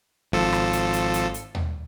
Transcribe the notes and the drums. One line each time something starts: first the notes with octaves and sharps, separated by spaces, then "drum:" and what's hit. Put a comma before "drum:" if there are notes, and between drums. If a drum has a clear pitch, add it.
G#1 F3 A4
drum: rim click
drum: hi-hat
drum: hi-hat
drum: hi-hat
drum: hi-hat
drum: tom D#2